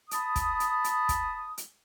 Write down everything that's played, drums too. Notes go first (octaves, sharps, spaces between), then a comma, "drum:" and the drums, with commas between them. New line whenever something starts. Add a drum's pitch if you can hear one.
A5 B5 D#6, drum: hi-hat
drum: kick, hi-hat
drum: hi-hat
drum: hi-hat
drum: kick, hi-hat
drum: hi-hat